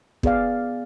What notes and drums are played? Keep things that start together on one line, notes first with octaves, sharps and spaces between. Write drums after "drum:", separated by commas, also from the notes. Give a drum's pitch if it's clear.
B3 G#4 D5 F5, drum: kick